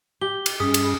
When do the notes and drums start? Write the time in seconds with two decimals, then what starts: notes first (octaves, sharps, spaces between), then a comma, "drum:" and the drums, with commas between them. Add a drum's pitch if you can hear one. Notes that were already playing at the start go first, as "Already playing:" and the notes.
0.21 G4 G7
0.46 drum: cymbal
0.60 G2 C#4 G#4 B5 D#6
0.74 drum: cymbal